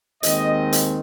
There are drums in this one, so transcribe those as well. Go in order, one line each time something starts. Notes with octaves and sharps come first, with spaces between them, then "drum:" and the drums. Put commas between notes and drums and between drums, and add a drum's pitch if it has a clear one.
D#2 D#3 G#3 C4 D#5, drum: hi-hat
drum: hi-hat